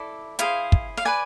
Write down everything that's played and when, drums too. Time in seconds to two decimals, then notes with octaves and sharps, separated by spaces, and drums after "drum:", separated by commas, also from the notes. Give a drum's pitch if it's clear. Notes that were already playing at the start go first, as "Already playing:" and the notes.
Already playing: E4 A4 D5
0.39 E4 G#4 C5 F5, drum: hi-hat
0.72 drum: kick
0.97 F5
1.05 B4 D5 G#5